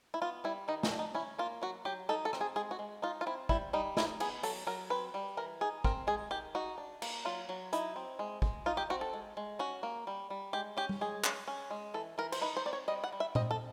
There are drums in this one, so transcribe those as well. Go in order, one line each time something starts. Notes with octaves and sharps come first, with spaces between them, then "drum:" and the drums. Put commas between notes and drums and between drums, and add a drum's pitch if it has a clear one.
E4
B3 F4
G3 E4
D#3 D#4
D#4, drum: snare
D4
D#4
C#4 E4
A#3 F4
F#3 F#4
F#3 G4
D#4 A4
A4
C4, drum: rim click
G#4
G#3 G#4
F#4
G#3
D#4 F4
F4
C4 E4
G3 E4, drum: kick
G3 D#4
D#4 E4, drum: snare
B3 G#4, drum: cymbal
F#3 A4, drum: open hi-hat
F#3 A#4
C4 B4
G3
E3 A#4
D#4 G#4
C4 A#4, drum: kick
G#3 G#4
D#3 G4
D#4 F#4
D4
A#3, drum: cymbal
F#3 F4
F#3
D#4 E4, drum: hi-hat
C4
G#3
G#3, drum: kick
D#4 F4
G4
C4 F#4
A4
G#3
G#3
C#4 F#4
A#3
G3
G3
G#3 G4
C#4 G4
drum: tom G3
G#3 G#4
C#4, drum: clap
C#4
G#3
E3 A4
E3 A#4
C5, drum: cymbal
D#4 B4
C5
C4 D5
C#5
G3 D#5
F#5
G3
E5
C4 D#5, drum: tom A#2
A4